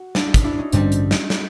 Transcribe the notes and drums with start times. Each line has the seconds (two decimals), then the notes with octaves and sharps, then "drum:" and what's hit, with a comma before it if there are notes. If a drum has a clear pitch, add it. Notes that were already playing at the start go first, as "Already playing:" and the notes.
Already playing: F#4
0.15 D4 E4, drum: snare
0.34 drum: kick, hi-hat
0.44 D4 E4
0.58 C#4 D#4
0.73 A1 G2 D3 G3 C4 D4, drum: hi-hat
0.92 drum: hi-hat
1.11 drum: snare
1.30 drum: snare